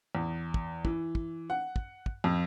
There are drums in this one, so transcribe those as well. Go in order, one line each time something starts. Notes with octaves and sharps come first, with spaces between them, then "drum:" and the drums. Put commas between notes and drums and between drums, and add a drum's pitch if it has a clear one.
E2
drum: kick
E3, drum: kick
drum: kick
F#5
drum: kick
drum: kick
F2